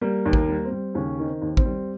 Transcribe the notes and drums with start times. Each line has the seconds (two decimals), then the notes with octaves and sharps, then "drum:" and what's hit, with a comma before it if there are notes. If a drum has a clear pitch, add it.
0.01 G3 A#3
0.25 D#2
0.33 A#3, drum: kick A1
0.48 G3
0.64 C4
0.71 G3
0.94 D#2 C#3 C#4
1.19 D#3
1.26 C4
1.42 D#2
1.57 C4, drum: kick A1
1.65 G3